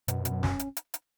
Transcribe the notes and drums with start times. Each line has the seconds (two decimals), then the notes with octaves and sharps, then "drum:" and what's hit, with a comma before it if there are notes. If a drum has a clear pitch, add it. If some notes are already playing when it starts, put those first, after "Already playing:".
0.08 F#2 B2, drum: hi-hat
0.25 B2, drum: hi-hat
0.31 F#2
0.43 C#4, drum: snare
0.59 drum: hi-hat
0.77 drum: hi-hat
0.94 drum: hi-hat